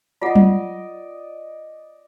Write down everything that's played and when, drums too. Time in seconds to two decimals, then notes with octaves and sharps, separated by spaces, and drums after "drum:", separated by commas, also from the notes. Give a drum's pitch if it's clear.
0.22 F4 D5 D#5 F#5
0.36 drum: tom F#3